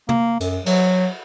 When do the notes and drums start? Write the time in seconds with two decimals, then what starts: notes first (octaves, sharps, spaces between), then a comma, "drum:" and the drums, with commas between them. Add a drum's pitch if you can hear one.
0.09 A#3, drum: tom
0.40 F#2, drum: cymbal
0.66 F#3, drum: cymbal